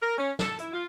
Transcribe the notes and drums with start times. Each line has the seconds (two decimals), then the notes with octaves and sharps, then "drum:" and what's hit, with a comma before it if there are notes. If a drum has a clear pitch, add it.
0.02 A#4
0.17 C#4
0.39 A4, drum: snare
0.58 E4, drum: hi-hat
0.73 F4